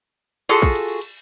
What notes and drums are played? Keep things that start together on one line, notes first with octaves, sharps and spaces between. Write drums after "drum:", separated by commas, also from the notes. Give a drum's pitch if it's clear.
F4 F#4 G#4 A4, drum: cymbal
drum: kick, cymbal
drum: cymbal
drum: cymbal
drum: cymbal